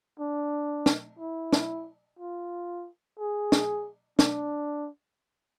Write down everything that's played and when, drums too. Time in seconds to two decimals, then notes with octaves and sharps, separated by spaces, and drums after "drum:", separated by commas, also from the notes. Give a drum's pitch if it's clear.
0.19 D4
0.86 drum: snare
1.19 E4
1.53 drum: snare
2.19 F4
3.19 G#4
3.52 drum: snare
4.19 D4, drum: snare